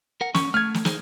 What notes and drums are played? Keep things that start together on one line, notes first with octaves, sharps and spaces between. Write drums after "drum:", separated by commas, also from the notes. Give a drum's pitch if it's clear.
A#4 F#5
C#4 C#6, drum: snare
A3 F6 G#6
drum: snare
D#4 G#4 C5, drum: snare